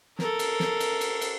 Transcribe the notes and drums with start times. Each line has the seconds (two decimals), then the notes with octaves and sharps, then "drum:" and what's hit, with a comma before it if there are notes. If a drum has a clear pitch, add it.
0.19 A4 A#4, drum: snare
0.39 drum: cymbal
0.60 drum: snare
0.80 drum: cymbal
1.01 drum: cymbal
1.21 drum: cymbal